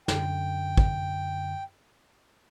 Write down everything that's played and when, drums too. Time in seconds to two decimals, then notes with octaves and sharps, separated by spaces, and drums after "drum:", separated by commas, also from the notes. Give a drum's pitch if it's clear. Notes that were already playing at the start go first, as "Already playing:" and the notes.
0.08 F#2 D3 G5, drum: snare
0.78 drum: kick G#1